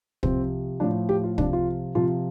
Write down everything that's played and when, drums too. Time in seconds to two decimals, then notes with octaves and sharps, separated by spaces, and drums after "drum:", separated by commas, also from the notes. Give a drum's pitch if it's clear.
0.23 C3 F3 C4, drum: kick
0.80 A2 F3 D4
1.09 G4
1.24 F4
1.38 C3 F3 D4, drum: kick
1.53 F4
1.95 C3 F3 F4